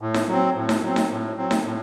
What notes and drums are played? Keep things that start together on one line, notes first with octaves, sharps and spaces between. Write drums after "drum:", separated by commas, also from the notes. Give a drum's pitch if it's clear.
A2
drum: snare D#4
F#3 C4
A2
drum: snare D#4
F#3 C4
drum: snare D#4
A2
F#3 C4
drum: snare D#4
A2